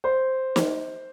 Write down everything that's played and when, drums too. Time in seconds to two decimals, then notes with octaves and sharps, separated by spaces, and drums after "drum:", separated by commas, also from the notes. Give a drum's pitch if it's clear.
0.04 C5
0.56 drum: snare